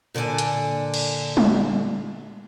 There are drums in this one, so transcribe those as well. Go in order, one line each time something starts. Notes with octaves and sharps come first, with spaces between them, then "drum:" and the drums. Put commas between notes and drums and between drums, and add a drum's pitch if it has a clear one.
A#2 D3 D4 A4 G#5
drum: hi-hat
drum: cymbal
drum: tom G3